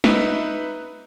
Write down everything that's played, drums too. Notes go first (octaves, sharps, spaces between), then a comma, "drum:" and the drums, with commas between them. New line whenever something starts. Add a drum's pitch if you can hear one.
D#4 B4 E5, drum: snare